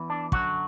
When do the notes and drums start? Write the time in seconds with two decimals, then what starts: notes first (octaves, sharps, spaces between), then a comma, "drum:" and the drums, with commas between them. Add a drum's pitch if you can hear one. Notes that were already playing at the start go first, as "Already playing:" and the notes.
Already playing: E2 E3
0.10 D4
0.32 F#2 D3 F#3 F#4, drum: kick